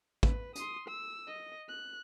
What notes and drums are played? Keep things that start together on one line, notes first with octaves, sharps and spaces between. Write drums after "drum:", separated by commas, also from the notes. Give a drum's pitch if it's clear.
B4, drum: kick
C6 D#6, drum: hi-hat
E6
D#5
F#6